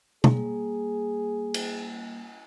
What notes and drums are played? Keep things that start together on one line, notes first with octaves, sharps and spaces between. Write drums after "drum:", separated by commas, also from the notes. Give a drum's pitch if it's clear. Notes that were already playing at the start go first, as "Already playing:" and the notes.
G3 A#3 G#4, drum: tom B2
drum: cymbal